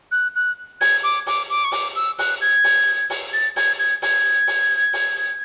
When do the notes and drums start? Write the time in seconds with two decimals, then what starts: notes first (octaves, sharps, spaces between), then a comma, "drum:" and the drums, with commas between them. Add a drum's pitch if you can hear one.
0.12 F#6
0.35 F#6
0.81 G#6, drum: open hi-hat
1.03 D6
1.26 D6, drum: open hi-hat
1.50 D6
1.64 C#6
1.72 D6, drum: open hi-hat
1.95 E6
2.18 F#6, drum: open hi-hat
2.41 G#6
2.64 drum: open hi-hat
3.10 drum: open hi-hat
3.33 A6
3.56 G#6, drum: open hi-hat
3.79 G#6
4.02 G#6, drum: open hi-hat
4.47 drum: open hi-hat
4.93 drum: open hi-hat